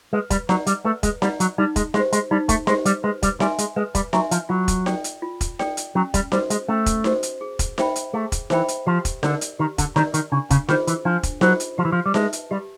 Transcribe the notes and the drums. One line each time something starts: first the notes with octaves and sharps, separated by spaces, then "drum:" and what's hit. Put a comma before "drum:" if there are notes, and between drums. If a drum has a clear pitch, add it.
G#3 B4
G3, drum: kick E1, hi-hat
F#3 D5 F#5 A#5, drum: snare D#4
G3, drum: hi-hat
A3 B4
G#3, drum: kick E1, hi-hat
G3 D5 F#5 A#5, drum: snare D#4
F#3, drum: hi-hat
G3 D#4
G#3, drum: kick E1, hi-hat
G#3 G4, drum: snare D#4
C5
G#3, drum: hi-hat
G3 D#4
A3, drum: kick E1, hi-hat
G#3 G4 C5, drum: snare D#4
G3, drum: hi-hat
G#3 B4
G3, drum: kick E1, hi-hat
G3 E5 G#5 C6, drum: snare D#4
G#3, drum: hi-hat
G#3 B4
G3, drum: kick E1, hi-hat
F#3 E5 G#5 C6, drum: snare D#4
F3, drum: hi-hat
F#3 F4
drum: kick E1, hi-hat
A4 D5 G5, drum: snare D#4
drum: hi-hat
F4
drum: kick E1, hi-hat
A4 D5 G5, drum: snare D#4
drum: hi-hat
F#3 C#4
G3, drum: kick E1, hi-hat
G3 F#4 A4 C5, drum: snare D#4
G#3, drum: hi-hat
A3 C#4
drum: kick E1, hi-hat
F#4 A4 C5, drum: snare D#4
drum: hi-hat
G#4
drum: kick E1, hi-hat
C5 E5 G5 B5, drum: snare D#4
drum: hi-hat
A3 G#4
drum: kick E1, hi-hat
E3 C5 E5 G5 B5, drum: snare D#4
drum: hi-hat
F3 G4
drum: kick E1, hi-hat
D3 A#4 D5, drum: snare D#4
drum: hi-hat
D#3 G4
D3, drum: kick E1, hi-hat
D#3 A#4 D5, drum: snare D#4
D#3, drum: hi-hat
C#3 D4
C#3, drum: kick E1, hi-hat
D#3 F4 G#4 C5, drum: snare D#4
E3, drum: hi-hat
F3 D4
drum: kick E1, hi-hat
F#3 F4 G#4 C5, drum: snare D#4
drum: hi-hat
F3 G4
E3
F3
G3
G#3 B4 E5 A5, drum: snare D#4
drum: hi-hat
G3 G4